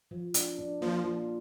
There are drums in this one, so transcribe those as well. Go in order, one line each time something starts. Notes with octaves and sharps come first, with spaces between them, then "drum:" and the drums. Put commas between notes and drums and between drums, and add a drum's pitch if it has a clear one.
F3
D4, drum: hi-hat
D4
F3 A#3
F4